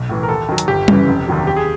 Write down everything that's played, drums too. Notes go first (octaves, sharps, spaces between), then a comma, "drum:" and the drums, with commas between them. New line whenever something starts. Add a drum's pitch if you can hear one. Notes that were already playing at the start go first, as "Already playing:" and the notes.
Already playing: B1
A2 E3
A#4
D#2 A4
D#3 F#3
drum: hi-hat
G1 G4
F#2 C#3 E3, drum: tom G3
F1
D#2 D#3 F#3
D#2 G4
G#4